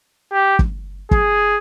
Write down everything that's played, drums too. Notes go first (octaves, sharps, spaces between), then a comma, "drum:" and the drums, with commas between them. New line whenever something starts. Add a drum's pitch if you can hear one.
G4
drum: kick
G#4, drum: kick